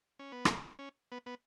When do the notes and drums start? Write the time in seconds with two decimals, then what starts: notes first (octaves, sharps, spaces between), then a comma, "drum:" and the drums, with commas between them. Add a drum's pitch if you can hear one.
0.19 C#4
0.32 B3
0.45 A#3, drum: rim click
0.79 C#4
1.12 B3
1.26 B3